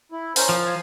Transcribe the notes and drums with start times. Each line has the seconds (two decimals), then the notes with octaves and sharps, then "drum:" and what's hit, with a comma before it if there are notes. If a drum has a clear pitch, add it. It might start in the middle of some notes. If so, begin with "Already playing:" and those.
0.12 E4
0.36 C#4 A#4 C5, drum: open hi-hat
0.49 F3
0.66 F5 G#5